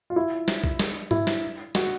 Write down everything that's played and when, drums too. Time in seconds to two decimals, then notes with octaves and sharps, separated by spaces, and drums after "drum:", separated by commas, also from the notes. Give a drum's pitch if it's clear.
0.10 F4
0.16 E4
0.48 drum: snare
0.64 drum: kick B1
0.79 drum: snare
1.11 E4, drum: tom G#2
1.27 drum: snare
1.75 F#4, drum: snare